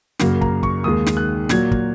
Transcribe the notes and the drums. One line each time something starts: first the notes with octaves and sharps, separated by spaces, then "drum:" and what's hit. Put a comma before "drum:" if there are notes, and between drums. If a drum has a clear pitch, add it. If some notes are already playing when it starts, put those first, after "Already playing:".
F#2 C#3 F#3 A#3, drum: snare
A#5, drum: kick
C#6, drum: kick
D#2 D#3 G#3 D#6
drum: snare
F#6
A#2 F#3 A#3 G#6, drum: snare
drum: kick